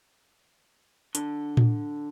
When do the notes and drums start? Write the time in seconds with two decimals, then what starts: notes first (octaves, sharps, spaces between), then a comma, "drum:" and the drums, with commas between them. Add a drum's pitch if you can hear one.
1.15 D3, drum: hi-hat
1.57 drum: tom A2